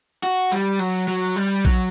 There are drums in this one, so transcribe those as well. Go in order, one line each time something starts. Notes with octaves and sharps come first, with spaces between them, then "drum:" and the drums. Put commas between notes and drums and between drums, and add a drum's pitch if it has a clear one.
F#4
G3, drum: hi-hat
F#3, drum: cymbal
F#3
G3
F#3, drum: kick A#1